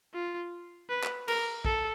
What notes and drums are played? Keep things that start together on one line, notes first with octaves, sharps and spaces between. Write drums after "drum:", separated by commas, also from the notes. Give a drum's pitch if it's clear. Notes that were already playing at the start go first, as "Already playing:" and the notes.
F4
B4
drum: clap
A#4, drum: cymbal
A4, drum: kick A#1